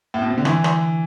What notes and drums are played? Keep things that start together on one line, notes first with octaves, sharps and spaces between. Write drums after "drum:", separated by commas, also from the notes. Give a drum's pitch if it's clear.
A2
B2
C3
D3
E3, drum: rim click
drum: rim click